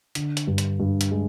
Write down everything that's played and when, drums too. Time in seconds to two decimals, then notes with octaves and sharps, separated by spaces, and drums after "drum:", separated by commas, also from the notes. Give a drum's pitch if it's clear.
0.15 D3, drum: hi-hat
0.37 drum: hi-hat
0.47 G2
0.58 drum: hi-hat
0.80 G2
1.01 drum: hi-hat
1.11 G#3